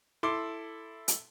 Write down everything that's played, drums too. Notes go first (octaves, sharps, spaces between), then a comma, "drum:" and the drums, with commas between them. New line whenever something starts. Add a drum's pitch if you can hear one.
E4 A4 C6 D6
drum: hi-hat